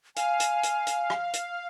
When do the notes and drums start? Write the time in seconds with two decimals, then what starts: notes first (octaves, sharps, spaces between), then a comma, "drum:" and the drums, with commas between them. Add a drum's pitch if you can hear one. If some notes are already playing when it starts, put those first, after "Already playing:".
0.16 F5 G#5, drum: hi-hat
0.40 drum: hi-hat
0.63 drum: hi-hat
0.87 drum: hi-hat
1.10 drum: rim click
1.33 drum: hi-hat